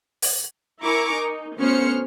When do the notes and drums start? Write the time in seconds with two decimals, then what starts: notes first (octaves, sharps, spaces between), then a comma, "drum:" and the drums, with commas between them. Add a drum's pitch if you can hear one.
0.22 drum: open hi-hat
0.82 E4 A#4 G#5 A#5 C#6 D6
1.14 D#4
1.58 D2 B3 C#4 C5 F6 C#7